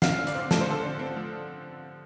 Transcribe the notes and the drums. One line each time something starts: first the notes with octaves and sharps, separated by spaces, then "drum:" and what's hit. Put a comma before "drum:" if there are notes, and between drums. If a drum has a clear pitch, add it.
D3 F5, drum: snare
D3
D5, drum: hi-hat
C4
F3 A4, drum: snare
C5
D3 A4
D3
C4
F3